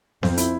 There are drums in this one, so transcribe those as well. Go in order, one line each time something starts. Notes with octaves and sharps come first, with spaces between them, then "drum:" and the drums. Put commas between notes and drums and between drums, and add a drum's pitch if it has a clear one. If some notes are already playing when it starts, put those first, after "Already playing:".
F2 C4, drum: snare B3
E4, drum: hi-hat